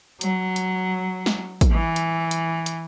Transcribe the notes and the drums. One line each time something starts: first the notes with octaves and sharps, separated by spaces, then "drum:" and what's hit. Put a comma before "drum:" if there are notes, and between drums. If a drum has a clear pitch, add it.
F#3, drum: hi-hat
drum: hi-hat
drum: snare
drum: kick, hi-hat
E3
drum: hi-hat
drum: hi-hat
drum: hi-hat